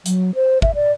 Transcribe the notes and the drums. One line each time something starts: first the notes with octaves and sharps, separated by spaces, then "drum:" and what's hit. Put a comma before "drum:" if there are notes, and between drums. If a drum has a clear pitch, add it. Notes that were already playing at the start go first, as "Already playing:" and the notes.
F#3, drum: hi-hat
C5
E5, drum: kick
D5